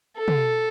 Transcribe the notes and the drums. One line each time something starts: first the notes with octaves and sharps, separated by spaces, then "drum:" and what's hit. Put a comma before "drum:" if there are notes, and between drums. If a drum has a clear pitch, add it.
A4
drum: tom